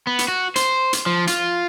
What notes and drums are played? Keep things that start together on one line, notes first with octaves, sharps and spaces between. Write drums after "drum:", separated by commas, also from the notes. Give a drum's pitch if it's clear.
B3
drum: hi-hat
F#4
C5, drum: hi-hat
drum: hi-hat
F3
F4, drum: hi-hat